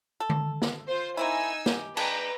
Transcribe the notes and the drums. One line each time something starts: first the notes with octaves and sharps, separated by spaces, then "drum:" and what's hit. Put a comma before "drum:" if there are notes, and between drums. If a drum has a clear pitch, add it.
A4
drum: tom D3
drum: snare
F4 C5 G6
A#3 C4 D#4 E4 G#5 E6
G4, drum: snare
G#3 D4 B4 G5 A#5, drum: cymbal